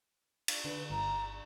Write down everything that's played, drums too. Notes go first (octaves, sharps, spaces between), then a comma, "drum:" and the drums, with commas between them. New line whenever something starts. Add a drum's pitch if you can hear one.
drum: cymbal
D3 B4
G1 A#5